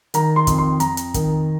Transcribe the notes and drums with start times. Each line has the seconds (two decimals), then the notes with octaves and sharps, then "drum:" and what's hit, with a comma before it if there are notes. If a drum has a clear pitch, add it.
0.14 D#3 A#5, drum: hi-hat
0.36 C6
0.47 F2, drum: kick, hi-hat
0.58 C6
0.80 F2 A#5, drum: hi-hat
0.97 drum: hi-hat
1.14 D#3, drum: kick, hi-hat